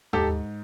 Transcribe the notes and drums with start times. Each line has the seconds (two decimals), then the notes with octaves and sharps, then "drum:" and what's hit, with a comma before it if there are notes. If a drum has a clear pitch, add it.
0.13 G#2 G4 A4, drum: tom D#2